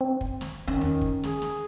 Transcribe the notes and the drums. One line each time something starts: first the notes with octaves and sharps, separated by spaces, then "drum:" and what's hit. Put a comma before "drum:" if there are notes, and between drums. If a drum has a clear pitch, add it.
C4
drum: kick
drum: snare
D#3 C#4
drum: tom E2
drum: kick
G#4, drum: snare
drum: snare